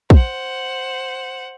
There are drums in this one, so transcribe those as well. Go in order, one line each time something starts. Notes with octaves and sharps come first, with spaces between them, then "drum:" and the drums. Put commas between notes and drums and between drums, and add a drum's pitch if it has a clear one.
C5 F#5, drum: kick